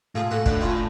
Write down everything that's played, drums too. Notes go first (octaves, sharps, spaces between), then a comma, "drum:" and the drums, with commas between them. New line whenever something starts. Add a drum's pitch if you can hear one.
A2 F4 G#4
A2 F#4 A4
A2 D4 F#4, drum: kick
C#4 F4